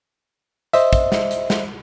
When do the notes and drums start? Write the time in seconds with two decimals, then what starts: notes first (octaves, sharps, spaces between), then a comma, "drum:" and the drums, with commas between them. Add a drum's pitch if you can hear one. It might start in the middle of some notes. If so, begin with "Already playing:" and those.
0.73 C5 D#5 E5, drum: hi-hat
0.93 drum: kick, hi-hat
1.12 drum: snare
1.31 drum: hi-hat
1.50 drum: snare